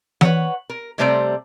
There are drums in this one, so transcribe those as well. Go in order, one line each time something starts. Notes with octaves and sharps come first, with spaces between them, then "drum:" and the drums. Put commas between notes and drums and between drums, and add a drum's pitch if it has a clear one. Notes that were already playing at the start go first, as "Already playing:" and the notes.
B4 C#5 F#5, drum: tom E3
A#4
C3 G3 A3 C5 D5 A#5